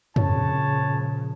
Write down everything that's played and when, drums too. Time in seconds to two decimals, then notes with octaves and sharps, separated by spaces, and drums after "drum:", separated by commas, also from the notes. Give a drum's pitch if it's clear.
0.16 A#2 C#3 F3 C#5 A5, drum: tom